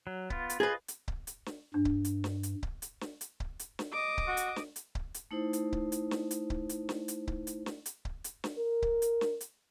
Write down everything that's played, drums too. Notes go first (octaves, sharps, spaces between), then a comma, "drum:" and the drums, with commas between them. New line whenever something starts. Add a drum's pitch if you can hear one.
F#3
B3 F4, drum: kick C#1
drum: hi-hat
F4 G#4 B4 D#5
drum: hi-hat
drum: kick C#1
drum: hi-hat
drum: snare
G2 D4
drum: kick C#1
drum: hi-hat
drum: snare
drum: hi-hat
drum: kick C#1
drum: hi-hat
drum: snare
drum: hi-hat
drum: kick C#1
drum: hi-hat
drum: snare
D#5 D6
drum: kick C#1
F#4
drum: hi-hat
drum: snare
drum: hi-hat
drum: kick C#1
drum: hi-hat
A3 D#4 E4 C5
drum: hi-hat
drum: kick C#1
drum: hi-hat
drum: snare
drum: hi-hat
drum: kick C#1
drum: hi-hat
drum: snare
drum: hi-hat
drum: kick C#1
drum: hi-hat
drum: snare
drum: hi-hat
drum: kick C#1
drum: hi-hat
drum: snare
A#4
drum: kick C#1
drum: hi-hat
drum: snare
drum: hi-hat